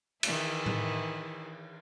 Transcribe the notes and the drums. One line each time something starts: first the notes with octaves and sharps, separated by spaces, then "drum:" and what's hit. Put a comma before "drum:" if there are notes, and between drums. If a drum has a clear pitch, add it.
D#3 E3 E4, drum: cymbal
drum: tom A2